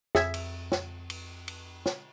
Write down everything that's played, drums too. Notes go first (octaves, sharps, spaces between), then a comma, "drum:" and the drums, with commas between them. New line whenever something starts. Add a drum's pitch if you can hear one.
F2 G#4 E5 G#6, drum: snare
drum: cymbal
drum: snare
drum: cymbal
drum: cymbal
drum: snare